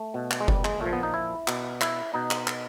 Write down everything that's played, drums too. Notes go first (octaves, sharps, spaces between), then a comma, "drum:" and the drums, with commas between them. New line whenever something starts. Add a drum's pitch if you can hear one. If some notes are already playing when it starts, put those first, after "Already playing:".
Already playing: A3
B2
drum: clap
G#3
G3, drum: kick F#1
G#3, drum: clap
A#2 F3 A3
B3
D#4
E4
B2, drum: clap
E4, drum: clap
B2 D#4
drum: clap
drum: clap